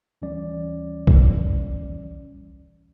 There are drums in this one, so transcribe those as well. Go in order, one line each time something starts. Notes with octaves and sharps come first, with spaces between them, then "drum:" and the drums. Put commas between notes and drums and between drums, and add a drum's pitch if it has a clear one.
D2 E3 G3 C#4 D5
drum: kick B1